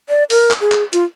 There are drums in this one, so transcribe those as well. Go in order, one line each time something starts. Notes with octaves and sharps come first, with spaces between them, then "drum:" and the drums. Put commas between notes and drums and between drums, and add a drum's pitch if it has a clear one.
D5
A#4, drum: open hi-hat
drum: clap
G#4
drum: clap
F4, drum: hi-hat